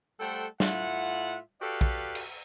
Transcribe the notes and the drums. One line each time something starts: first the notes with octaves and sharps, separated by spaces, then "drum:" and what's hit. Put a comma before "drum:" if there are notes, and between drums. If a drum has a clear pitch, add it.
G3 A3 A4 C5 F#5 G5
A2 F4 E5 F#5, drum: snare
F#4 G4 A4 B4 D5 F5
drum: kick
drum: cymbal